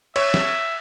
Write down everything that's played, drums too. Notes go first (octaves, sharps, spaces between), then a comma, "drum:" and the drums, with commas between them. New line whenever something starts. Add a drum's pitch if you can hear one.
C#5 E5, drum: cymbal
drum: snare